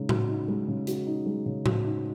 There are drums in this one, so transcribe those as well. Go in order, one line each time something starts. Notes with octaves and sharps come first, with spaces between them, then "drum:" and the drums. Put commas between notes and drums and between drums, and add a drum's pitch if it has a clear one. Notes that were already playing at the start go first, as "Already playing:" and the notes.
Already playing: C#3 G#3 D#4
F#4, drum: tom A2
D#4
G#3
C#3
F#4, drum: hi-hat
D#4
G#3
C#3
F#4, drum: tom A2
D#4